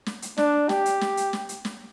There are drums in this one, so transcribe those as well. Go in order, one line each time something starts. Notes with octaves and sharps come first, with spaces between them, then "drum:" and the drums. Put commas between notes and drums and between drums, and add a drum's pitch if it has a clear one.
drum: snare
drum: hi-hat
D4, drum: snare
G4, drum: snare
drum: hi-hat
drum: snare
drum: hi-hat
drum: snare
drum: hi-hat
drum: snare